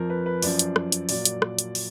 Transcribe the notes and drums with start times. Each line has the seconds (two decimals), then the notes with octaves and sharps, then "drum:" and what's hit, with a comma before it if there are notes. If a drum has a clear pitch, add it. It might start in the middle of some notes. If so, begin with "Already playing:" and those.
Already playing: F2 F3 A#4
0.10 B4
0.26 B4
0.42 F#2 F3 D5, drum: open hi-hat
0.59 drum: hi-hat
0.76 drum: rim click
0.92 drum: hi-hat
1.09 A#2 F#3 D5, drum: open hi-hat
1.25 drum: hi-hat
1.42 drum: rim click
1.59 drum: hi-hat
1.75 drum: open hi-hat